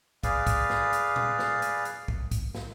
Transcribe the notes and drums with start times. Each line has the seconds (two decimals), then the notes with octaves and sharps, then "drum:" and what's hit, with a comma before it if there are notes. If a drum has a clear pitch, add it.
0.23 G#4 B4 D5 F5, drum: kick, hi-hat
0.47 drum: kick, hi-hat
0.70 drum: snare
0.93 drum: hi-hat
1.16 drum: tom A#2
1.39 drum: snare
1.62 drum: hi-hat
1.85 drum: hi-hat
2.08 drum: kick
2.31 drum: kick, hi-hat
2.55 drum: snare